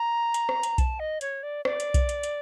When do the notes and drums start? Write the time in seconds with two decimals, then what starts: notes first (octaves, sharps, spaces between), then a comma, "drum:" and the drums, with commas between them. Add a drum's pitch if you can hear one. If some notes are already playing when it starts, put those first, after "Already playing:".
Already playing: A#5
0.34 drum: hi-hat
0.49 drum: rim click
0.63 drum: hi-hat
0.78 A5, drum: kick B1, hi-hat
1.00 D#5
1.21 C#5, drum: hi-hat
1.43 D5
1.65 D5, drum: rim click
1.80 drum: hi-hat
1.94 drum: kick B1, hi-hat
2.09 drum: hi-hat
2.23 drum: hi-hat